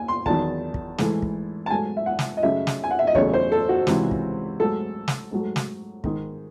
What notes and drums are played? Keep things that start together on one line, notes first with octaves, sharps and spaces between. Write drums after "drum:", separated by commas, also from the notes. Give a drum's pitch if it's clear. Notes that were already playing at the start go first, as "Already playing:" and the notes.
Already playing: D#2 G#5
C6
E2 D#3 F#3 A5, drum: kick
drum: kick
G#2 E3 A3, drum: snare
drum: kick
A5
G#2 F#3 A3 G#5
E5
F#5
drum: snare
D#5
F#2 C#3 F#3 A3 E5
drum: snare
G#5
F#5
E5
D#5
E2 C#3 F#3 A3 C#5, drum: kick
C5
A4
F#4
C#2 C3 E3, drum: snare
drum: kick
G#2 F#3 A3 A4
drum: snare
G#2 F#3 A3
drum: snare
G#2 D#3 G#3, drum: kick